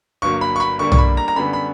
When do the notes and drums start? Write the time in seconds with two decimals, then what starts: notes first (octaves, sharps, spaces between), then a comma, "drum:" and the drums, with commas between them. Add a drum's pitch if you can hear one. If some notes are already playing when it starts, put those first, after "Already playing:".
0.22 G1 G2 F#3 A#3 C#6
0.41 B5
0.56 C#6
0.60 B5
0.79 D2 D3 G3 A#3 C#6
0.92 C#6, drum: tom
0.98 B5
1.17 A#5
1.28 A#5
1.36 F#2 D3 G3 B3 B5
1.53 B5